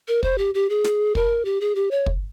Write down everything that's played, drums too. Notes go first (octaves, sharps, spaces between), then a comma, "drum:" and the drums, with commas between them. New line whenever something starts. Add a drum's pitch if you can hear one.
A#4
C5, drum: kick
G4
G4
G#4
drum: snare
A#4, drum: kick
G4
G#4
G4
C#5
drum: kick